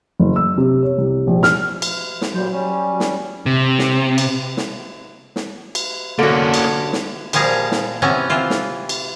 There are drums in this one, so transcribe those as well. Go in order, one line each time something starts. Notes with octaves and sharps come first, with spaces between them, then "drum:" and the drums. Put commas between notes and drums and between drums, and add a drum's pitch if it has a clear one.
F#1
E6
C3
C#5
C2
A#1
F6, drum: snare
drum: cymbal
drum: snare
A#2 F#3 G3 C5
G3 C#4
drum: snare
C3
drum: snare
drum: cymbal
drum: snare
drum: snare
drum: cymbal
D3 A#3 C#4 F#4
drum: cymbal
drum: snare
A#2 F3 G3 G#4 A#5, drum: cymbal
drum: snare
C3 E3 B3 C#4 F#5 A#5
C3 E3 F4
drum: snare
drum: cymbal